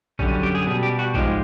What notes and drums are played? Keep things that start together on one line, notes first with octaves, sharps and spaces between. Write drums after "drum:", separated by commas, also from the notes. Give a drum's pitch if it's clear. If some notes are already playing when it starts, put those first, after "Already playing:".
F#2 D3 G3 C#4, drum: kick A1
C#4
G4
G#4
B2 G3 G#4
G4
F#4
G#2 F3 G#3 G4, drum: kick A1